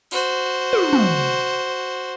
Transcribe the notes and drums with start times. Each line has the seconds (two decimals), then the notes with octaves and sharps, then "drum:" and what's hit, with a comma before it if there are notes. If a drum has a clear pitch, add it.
0.11 F#4 C5, drum: open hi-hat
0.73 drum: tom
0.93 drum: tom